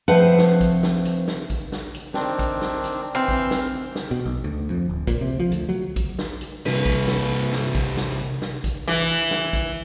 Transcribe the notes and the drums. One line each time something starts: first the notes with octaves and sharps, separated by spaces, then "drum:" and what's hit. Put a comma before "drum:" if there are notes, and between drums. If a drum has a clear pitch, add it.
F3 A3 C4 B4 F#5 A5
drum: snare
drum: kick, hi-hat
drum: snare
drum: hi-hat
drum: snare
drum: kick, hi-hat
drum: snare
drum: hi-hat
D#3 C4 D4, drum: snare
drum: kick, hi-hat
drum: snare
drum: hi-hat
E3 C4 E6 F6
drum: kick, hi-hat
drum: snare
drum: snare
B2
B1
D2
F2
D1
A#2, drum: kick, hi-hat
C3
F3
D2, drum: hi-hat
F#3
drum: kick, hi-hat
drum: snare
drum: hi-hat
C2 B4, drum: snare
drum: kick, hi-hat
drum: snare
drum: hi-hat
drum: snare
drum: kick, hi-hat
drum: snare
drum: hi-hat
drum: snare
drum: kick, hi-hat
E3, drum: snare
drum: hi-hat
drum: snare
drum: kick, hi-hat